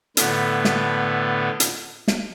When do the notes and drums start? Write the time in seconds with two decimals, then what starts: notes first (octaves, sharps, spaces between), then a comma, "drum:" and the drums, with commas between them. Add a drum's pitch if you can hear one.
0.17 A2 D3 B3, drum: hi-hat
0.65 drum: snare
1.60 drum: hi-hat
2.08 drum: snare